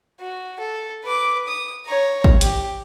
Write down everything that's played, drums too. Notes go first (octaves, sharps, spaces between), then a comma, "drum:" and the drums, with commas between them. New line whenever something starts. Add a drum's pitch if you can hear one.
F#4
A4
B4 D6
D#6
C#5 A#5
drum: kick G#1
G4, drum: hi-hat